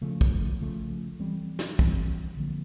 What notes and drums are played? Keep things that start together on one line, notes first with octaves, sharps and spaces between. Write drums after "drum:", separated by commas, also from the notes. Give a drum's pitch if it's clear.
C#3 F3 A3
drum: kick
C#3 F3 A3
E3 G3 C4
drum: snare
E3 G3 C4, drum: kick
D3 F3 A#3